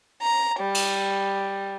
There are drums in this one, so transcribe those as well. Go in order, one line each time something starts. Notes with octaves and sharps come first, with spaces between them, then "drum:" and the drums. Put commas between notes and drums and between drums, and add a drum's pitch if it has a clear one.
A#5
G3
drum: cymbal